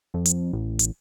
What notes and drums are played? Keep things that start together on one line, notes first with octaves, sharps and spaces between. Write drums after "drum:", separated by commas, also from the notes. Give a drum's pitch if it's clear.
F2
drum: hi-hat
A1
drum: hi-hat